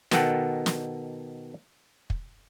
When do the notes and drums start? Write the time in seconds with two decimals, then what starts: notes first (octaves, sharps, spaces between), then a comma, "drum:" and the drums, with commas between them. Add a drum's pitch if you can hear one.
0.11 B2 D#3 A4 F#5 G5, drum: snare
0.66 drum: snare
2.10 drum: kick